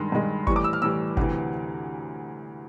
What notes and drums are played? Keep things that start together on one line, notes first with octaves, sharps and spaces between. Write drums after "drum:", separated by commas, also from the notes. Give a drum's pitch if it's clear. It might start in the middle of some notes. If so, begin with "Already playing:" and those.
Already playing: G2 D#3 G#3 C6
G2 D#3 G#3
A2 E3 G3 C#6, drum: kick G1
D6
E6
F6
A2 E3 G3 E6
D2 C3 E3, drum: kick G1